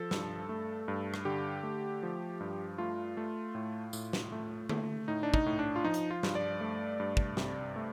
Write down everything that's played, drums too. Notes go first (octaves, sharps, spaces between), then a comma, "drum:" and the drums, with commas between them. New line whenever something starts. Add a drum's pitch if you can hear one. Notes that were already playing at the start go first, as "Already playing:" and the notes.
Already playing: F3 A4
G2, drum: snare
A3
G2
drum: rim click
D3 G4
A3
F3
G2
A3 F4
A3
A2
A2, drum: tambourine
drum: snare
A3
A3, drum: tom D3
A2 D#4
D4
D#4, drum: kick
A2
D4
F4
F3 D#4
drum: hi-hat
F4
G2, drum: snare
D5
A3
G2
drum: kick
C3, drum: snare
A3